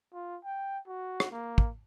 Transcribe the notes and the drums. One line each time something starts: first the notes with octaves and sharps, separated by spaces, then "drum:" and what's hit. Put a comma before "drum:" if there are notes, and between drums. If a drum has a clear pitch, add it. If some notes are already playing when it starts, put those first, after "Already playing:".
F4
G5
F#4
drum: rim click
A#3
drum: kick